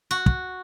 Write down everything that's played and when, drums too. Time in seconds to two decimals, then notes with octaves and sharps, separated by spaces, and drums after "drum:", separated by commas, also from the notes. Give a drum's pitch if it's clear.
0.11 F#4
0.26 drum: kick